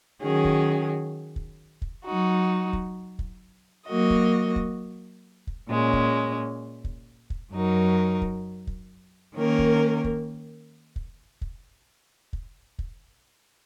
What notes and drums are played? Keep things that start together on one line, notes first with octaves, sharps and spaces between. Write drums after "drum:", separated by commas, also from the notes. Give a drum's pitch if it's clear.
D#3 F#3 C#4 G#4
drum: kick
drum: kick
drum: kick
F#3 D#4 F#4
drum: kick
drum: kick
F#3 A#3 F#4 D#5
drum: kick
drum: kick
drum: kick
A#2 G#3 C#4
drum: kick
drum: kick
drum: kick
F#2 F#3 D#4 A#4
drum: kick
drum: kick
D#3 A#3 C#4 A#4
drum: kick
drum: kick
drum: kick
drum: kick
drum: kick
drum: kick